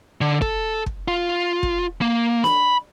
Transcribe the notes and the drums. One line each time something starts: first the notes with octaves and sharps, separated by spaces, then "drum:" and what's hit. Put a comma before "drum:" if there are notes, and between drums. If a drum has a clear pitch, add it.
D3
A4, drum: kick
drum: kick
F4
drum: kick
A#3
B5, drum: snare